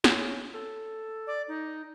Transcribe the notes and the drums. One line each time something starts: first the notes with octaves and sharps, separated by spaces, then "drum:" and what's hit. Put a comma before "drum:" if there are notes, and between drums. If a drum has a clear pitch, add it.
C#4, drum: snare
A4
D5
D#4